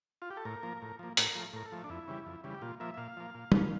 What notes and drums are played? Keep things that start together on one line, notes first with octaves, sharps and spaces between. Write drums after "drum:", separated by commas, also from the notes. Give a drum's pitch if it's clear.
F4
G4
A4
A2 A#4
F3 A#3
A2
F3 A#3
A2 A#4, drum: hi-hat
F3 A3
A2 A#4
A4
F3 A3
D4
F2 E4
C#3 E3 G3
F2
C#3 E3 G3
G4
A#2 F4
F3 A#3 E5
E5
A#2 F5
F3 A#3
A#2
F3 A#3, drum: tom